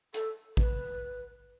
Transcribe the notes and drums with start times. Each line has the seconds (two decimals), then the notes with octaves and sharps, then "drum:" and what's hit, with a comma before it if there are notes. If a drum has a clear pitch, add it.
0.14 A4, drum: hi-hat
0.57 B4, drum: kick